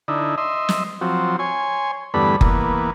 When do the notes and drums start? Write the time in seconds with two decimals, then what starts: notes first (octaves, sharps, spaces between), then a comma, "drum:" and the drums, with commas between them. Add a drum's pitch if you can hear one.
0.08 D3 D#4 E4
0.38 D#5 E5 C6
0.69 drum: snare
1.01 F3 F#3 C4
1.39 C#5 G#5 C6
2.14 E2 G2 D3 A3 B3 B5
2.41 E3 A#3 B3, drum: kick F#1